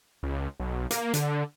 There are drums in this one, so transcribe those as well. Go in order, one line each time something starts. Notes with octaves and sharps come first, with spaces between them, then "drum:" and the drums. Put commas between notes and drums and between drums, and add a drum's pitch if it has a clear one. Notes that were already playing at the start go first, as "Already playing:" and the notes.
C#2
B1
A#3, drum: hi-hat
D3, drum: hi-hat